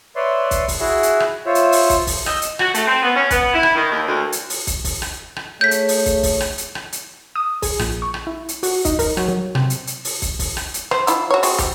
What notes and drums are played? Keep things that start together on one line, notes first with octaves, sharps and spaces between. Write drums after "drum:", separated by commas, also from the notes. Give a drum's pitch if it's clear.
B4 C#5 D5 E5 C6
drum: kick, hi-hat
drum: kick, open hi-hat
E4 F#4 G#4 E5
drum: hi-hat
drum: rim click
F4 C5 C#5 E5
drum: hi-hat
drum: open hi-hat
drum: kick, hi-hat
drum: kick, open hi-hat
D#5 E6 G6, drum: rim click
drum: hi-hat
F#4, drum: rim click
A3, drum: hi-hat
C4
B3
C#4
B3, drum: kick, hi-hat
E4
drum: rim click
D#3
D#2
D2
drum: hi-hat
drum: open hi-hat
drum: kick, hi-hat
drum: kick, open hi-hat
drum: rim click
drum: rim click
A3 G#4 C#5 G6 B6
drum: hi-hat
drum: open hi-hat
drum: kick, hi-hat
drum: kick, open hi-hat
drum: rim click
drum: hi-hat
drum: rim click
drum: hi-hat
D#6
G#4, drum: kick, open hi-hat
A#1, drum: rim click
C#6
drum: rim click
E4
drum: hi-hat
F#4, drum: open hi-hat
D#4, drum: kick, hi-hat
A#4, drum: kick, open hi-hat
F#3, drum: rim click
F#3
C3, drum: rim click
drum: hi-hat
drum: hi-hat
drum: open hi-hat
drum: kick, hi-hat
drum: kick, open hi-hat
drum: rim click
drum: hi-hat
C5, drum: rim click
F3 E4, drum: hi-hat
F#4 C#5
C4 F#4 G#4, drum: open hi-hat
G4, drum: kick, hi-hat